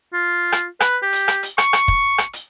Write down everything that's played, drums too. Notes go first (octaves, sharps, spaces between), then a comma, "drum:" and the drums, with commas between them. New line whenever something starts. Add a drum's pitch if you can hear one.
F4
drum: rim click
B4, drum: rim click
G4
drum: hi-hat
drum: rim click
drum: hi-hat
C#6, drum: rim click
drum: rim click
drum: kick
drum: rim click
drum: hi-hat